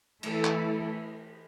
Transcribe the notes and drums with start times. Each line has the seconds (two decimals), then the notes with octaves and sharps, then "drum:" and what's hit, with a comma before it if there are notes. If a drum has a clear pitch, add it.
0.23 E3 A3 E4 A4, drum: cymbal
0.44 drum: clap